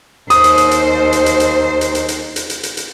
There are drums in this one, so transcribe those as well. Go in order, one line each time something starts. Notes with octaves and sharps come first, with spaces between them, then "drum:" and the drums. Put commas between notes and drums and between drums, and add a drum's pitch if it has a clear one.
D#2 C5 D#6, drum: hi-hat
drum: hi-hat
drum: hi-hat
drum: hi-hat
drum: hi-hat
drum: hi-hat
drum: hi-hat
drum: hi-hat
drum: hi-hat
drum: hi-hat
drum: hi-hat
drum: hi-hat
drum: hi-hat
drum: hi-hat